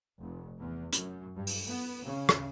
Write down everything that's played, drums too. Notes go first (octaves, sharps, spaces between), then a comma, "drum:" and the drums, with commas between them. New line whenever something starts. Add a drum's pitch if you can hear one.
F1
E2
F#2, drum: hi-hat
G2
drum: open hi-hat
B3
C#3
drum: rim click